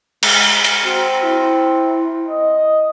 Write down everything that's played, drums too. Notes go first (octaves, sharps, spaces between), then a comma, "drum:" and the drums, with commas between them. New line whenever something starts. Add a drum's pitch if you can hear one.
G#3, drum: cymbal
drum: hi-hat
C4 F#4
E4
D#5